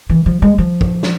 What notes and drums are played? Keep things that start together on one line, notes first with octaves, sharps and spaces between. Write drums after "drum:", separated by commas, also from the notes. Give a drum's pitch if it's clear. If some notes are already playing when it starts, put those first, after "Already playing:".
E3
F3
G#3
F3
drum: kick
drum: snare